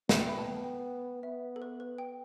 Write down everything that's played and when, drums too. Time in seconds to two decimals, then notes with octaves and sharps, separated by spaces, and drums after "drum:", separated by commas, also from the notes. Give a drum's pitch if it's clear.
0.09 B3 G5, drum: snare
0.20 G5
0.29 B5
0.38 A5
0.47 G5
0.56 A5
0.64 G5
1.23 B3 E5
1.56 A4
1.62 B4
1.80 B4
1.98 G5